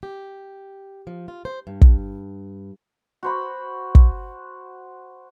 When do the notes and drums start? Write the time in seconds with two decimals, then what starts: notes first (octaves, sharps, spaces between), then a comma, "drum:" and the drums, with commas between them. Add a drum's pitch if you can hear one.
0.03 G4
1.07 F3
1.28 F4
1.45 C5
1.67 G2
1.81 drum: kick
3.23 F#4 C5 B5
3.95 drum: kick